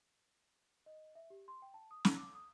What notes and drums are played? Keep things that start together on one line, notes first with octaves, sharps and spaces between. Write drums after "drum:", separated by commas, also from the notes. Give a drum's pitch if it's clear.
D#5
E5
G4
C6
G5
A5
D#6
A#5, drum: snare
D6
D#6